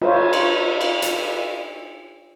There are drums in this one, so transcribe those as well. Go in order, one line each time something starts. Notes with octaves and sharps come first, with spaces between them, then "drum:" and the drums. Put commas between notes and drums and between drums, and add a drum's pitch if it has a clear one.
F4 C5 C#5, drum: cymbal
drum: cymbal
drum: cymbal
drum: hi-hat